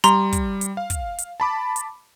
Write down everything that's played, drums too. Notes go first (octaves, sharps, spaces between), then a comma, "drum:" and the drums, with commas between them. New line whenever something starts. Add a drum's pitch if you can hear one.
G3 A#5 C6, drum: hi-hat
drum: kick, hi-hat
drum: hi-hat
F5
drum: kick, hi-hat
drum: hi-hat
A5 B5 D6
drum: hi-hat